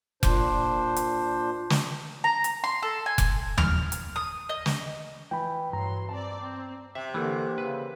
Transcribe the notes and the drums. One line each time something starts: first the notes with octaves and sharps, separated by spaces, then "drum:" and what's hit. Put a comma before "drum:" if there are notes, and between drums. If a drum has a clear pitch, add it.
A#2 D4 C5, drum: kick F1, hi-hat
drum: hi-hat
drum: snare
A#5
drum: hi-hat
C6
A4
G#5
drum: kick F1, hi-hat
F6, drum: tom D#2
drum: hi-hat
D#6
D#5
drum: snare
E3 G5 B5
G2 F#3 A#5 C6
C4 D5 A5
C4
C3 E5
D3 E3 A#3 G4 A#4
C#3 B4